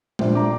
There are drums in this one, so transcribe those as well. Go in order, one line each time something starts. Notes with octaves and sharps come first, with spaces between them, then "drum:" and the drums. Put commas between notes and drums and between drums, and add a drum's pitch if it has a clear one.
A#1 A#2 G3 D4 C5 E5, drum: tom
A#5 D6